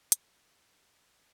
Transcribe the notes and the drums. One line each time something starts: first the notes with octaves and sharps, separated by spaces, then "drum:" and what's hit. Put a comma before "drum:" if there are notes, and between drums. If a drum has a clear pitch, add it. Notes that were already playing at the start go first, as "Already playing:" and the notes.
Already playing: A#2
F3 C4, drum: hi-hat
A#2 C6
F3 C4 E6
A#2 C6